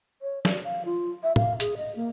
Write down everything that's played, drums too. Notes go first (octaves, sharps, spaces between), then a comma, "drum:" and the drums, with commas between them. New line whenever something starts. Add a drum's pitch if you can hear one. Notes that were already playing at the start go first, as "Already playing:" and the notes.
C#5
D5, drum: snare
F5
F4
E5
F5, drum: tom
G#4, drum: hi-hat
D#5
A#3